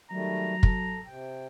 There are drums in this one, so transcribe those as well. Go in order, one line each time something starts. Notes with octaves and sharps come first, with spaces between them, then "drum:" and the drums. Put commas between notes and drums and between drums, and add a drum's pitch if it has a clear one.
D#3 F#3 G3 A3 A#5
A4, drum: kick
C3 G5